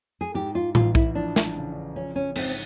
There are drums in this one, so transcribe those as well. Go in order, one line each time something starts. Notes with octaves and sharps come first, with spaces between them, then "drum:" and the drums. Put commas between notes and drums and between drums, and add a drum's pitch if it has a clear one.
G#4
G#2 G4
F4
A1 F4, drum: tom A2
E4, drum: kick B1
F3 D4
drum: snare
C#3
F3 C#4
C#4
G#2 C4, drum: cymbal